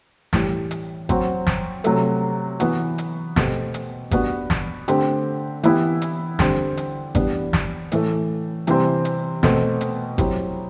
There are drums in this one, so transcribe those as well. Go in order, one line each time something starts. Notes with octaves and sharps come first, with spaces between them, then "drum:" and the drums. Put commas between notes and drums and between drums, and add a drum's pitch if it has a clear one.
A2 E3 G3, drum: snare
drum: hi-hat
F#3 C4 F#4, drum: kick G#1, hi-hat
drum: snare
C3 F#3 A3, drum: hi-hat
E3 B3 F#4, drum: hi-hat
drum: hi-hat
B2 A3 C4 G4, drum: snare
drum: hi-hat
G3 B3 D4 F#4, drum: kick G#1, hi-hat
drum: snare
D3 A3 C4 G4, drum: hi-hat
E3 B3 E4 G4, drum: hi-hat
drum: hi-hat
D3 G3 C4 G4, drum: snare
drum: hi-hat
E3 G3 B3 D4, drum: kick G#1, hi-hat
drum: snare
A2 E3 A3, drum: hi-hat
C3 E3 G3 C4, drum: hi-hat
drum: hi-hat
B2 A3 C4, drum: snare
drum: hi-hat
F#3 C4 E4 G4, drum: kick G#1, hi-hat